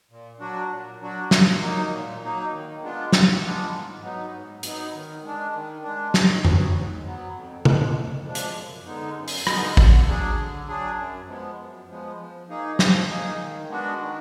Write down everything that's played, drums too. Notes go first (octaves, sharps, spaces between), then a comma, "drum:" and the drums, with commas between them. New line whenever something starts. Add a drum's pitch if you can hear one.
A#2
F#3 D4 F#4
A#2
F#3 D4 F#4
A#2, drum: snare
F#3 A#3 D#4
A#2
F#3 A#3 D#4
D#3
G#3 B3 D4 F4
D#3, drum: snare
G#3 B3 D4 F4
G#2
F#3 B3 D#4
G#2
F#3 B3 D#4, drum: hi-hat
D#3
G#3 D4
D#3
G#3 D4
G#2, drum: snare
F#3 B3, drum: tom F2
G#2
F#3 B3
F2
F3 G#3 D4, drum: tom
F2
F3 G#3 D4
drum: hi-hat
F#2
D3 G#3 B3 D#4
F#2
drum: open hi-hat
D3 G#3 B3 D#4, drum: rim click
D3, drum: kick A1
F#3 D4 G#4
D3
F#3 D4 G#4
F#2
F3 G#3 B3
F#2
F3 G#3 B3
F3
A#3 D#4 G#4
F3, drum: snare
A#3 D#4 G#4
D#3
G#3 B3 D4 F#4
D#3